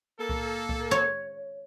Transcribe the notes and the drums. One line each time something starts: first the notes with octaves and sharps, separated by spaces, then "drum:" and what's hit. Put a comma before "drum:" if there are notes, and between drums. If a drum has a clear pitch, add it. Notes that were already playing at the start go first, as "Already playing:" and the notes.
A#3 A4
drum: kick C2
drum: kick C2
C#5